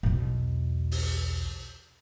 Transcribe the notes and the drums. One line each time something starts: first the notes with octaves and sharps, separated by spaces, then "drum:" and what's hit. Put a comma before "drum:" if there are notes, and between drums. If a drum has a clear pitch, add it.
B1 E2
drum: open hi-hat